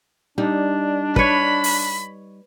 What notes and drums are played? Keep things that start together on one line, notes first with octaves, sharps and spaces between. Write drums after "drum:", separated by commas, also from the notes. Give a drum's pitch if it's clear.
G3 D4 D#4
B4 C#5 B5, drum: kick
drum: open hi-hat